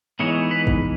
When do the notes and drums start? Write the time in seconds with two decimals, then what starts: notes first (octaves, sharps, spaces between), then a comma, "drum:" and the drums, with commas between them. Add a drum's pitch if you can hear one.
0.19 E3 G#3 B3 D#4 C#5
0.51 B4
0.67 drum: kick